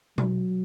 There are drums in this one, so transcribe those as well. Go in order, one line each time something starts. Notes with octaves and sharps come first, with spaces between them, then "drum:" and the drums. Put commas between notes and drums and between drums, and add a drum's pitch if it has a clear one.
F#3, drum: tom B2